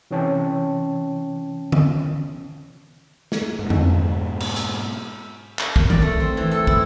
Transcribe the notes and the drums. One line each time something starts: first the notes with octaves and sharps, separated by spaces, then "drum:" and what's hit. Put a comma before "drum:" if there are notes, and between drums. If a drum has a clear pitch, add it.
C3 E3 C#4 C#5 G5 A5
drum: tom D3
drum: snare
G#2 B2
drum: tom F2
drum: cymbal
drum: hi-hat
drum: clap
A#4, drum: kick
D5, drum: tom D#3
A3
C4
E3
A4
E4, drum: kick